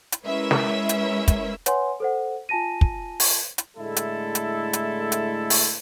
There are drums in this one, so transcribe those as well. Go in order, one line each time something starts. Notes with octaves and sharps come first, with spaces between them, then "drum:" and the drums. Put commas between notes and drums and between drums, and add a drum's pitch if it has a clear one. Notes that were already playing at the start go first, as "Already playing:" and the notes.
drum: hi-hat
G#3 C#4 E4 A#4 B4 E5
drum: snare
drum: hi-hat
drum: kick, hi-hat
B4 C#5 F#5 G#5 C6, drum: hi-hat
A4 C5 F#5
F4 G#5 A5 A#6 D#7
drum: kick
drum: open hi-hat
drum: hi-hat
A2 D3 G#3 A3 E4 A4
drum: hi-hat
drum: hi-hat
drum: hi-hat
drum: hi-hat
drum: open hi-hat